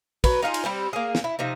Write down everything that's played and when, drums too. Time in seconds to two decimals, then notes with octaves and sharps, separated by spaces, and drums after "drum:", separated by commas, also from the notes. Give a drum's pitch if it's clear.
0.24 F#3 B4, drum: kick, cymbal
0.42 D#4 F4 G4 G#4
0.54 drum: cymbal
0.64 G3 C4 C5
0.93 A#3 G#4
1.15 drum: snare
1.24 E4
1.39 C3 F3 D#4